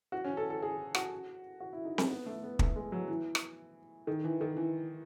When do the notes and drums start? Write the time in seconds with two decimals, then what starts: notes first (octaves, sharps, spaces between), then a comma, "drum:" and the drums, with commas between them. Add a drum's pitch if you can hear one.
0.12 F#4
0.24 C#4
0.37 A4
0.50 A4
0.62 G#4
0.95 F#4, drum: rim click
1.60 F#4
1.73 E4
1.85 D#4
1.98 D#4, drum: snare C4
2.11 B3
2.26 A3
2.43 B3
2.59 A3, drum: kick
2.76 G#3
2.92 F#3
3.08 E3
3.35 drum: rim click
4.07 D#3
4.24 E3
4.41 D#3
4.57 E3